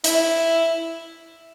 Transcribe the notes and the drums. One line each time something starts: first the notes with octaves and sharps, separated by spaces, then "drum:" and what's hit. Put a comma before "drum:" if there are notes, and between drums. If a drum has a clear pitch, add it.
E4, drum: hi-hat